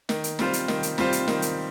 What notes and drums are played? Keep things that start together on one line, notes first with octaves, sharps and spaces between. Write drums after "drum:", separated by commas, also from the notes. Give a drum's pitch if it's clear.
D#3, drum: snare
drum: hi-hat
G3 C4 F4 C5, drum: snare
drum: hi-hat
D#3, drum: snare
drum: hi-hat
G3 C4 F4 C5, drum: snare
drum: hi-hat
D#3, drum: snare
drum: hi-hat